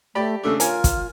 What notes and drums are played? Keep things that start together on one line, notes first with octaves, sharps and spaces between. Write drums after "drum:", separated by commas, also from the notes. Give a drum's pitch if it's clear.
A3 G4 D5 B5
C#3 A3 D4 A4
F4 A#4 C#5 G#5, drum: hi-hat
drum: kick, hi-hat